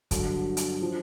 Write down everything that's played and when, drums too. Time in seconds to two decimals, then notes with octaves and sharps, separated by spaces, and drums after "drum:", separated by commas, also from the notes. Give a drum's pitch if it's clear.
0.11 G2 D3 F#3, drum: kick, hi-hat
0.57 drum: hi-hat
0.81 F3